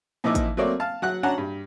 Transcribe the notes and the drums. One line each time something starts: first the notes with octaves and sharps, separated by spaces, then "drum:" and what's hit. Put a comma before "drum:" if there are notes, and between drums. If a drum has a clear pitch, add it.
A#2 F3 D#4 E4 E5 D6
drum: kick A1, hi-hat
F#3 A3 A#3 C4 C#5 D5
F5 A5
F#3 F#5 F#6
C#4 D4 F#4 F#5 A5 A#5
G2